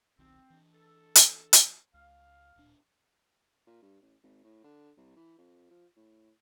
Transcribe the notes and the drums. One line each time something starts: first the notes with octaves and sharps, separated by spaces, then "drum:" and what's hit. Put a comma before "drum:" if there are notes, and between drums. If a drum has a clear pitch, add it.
D#1 B1 D#3 C4
E3 D4
A4
drum: hi-hat
drum: hi-hat
C#2 F5
D1 A#2 D4
A#2
G2
A1
G#1
A2
D3
C2
E3
F2
F3
A2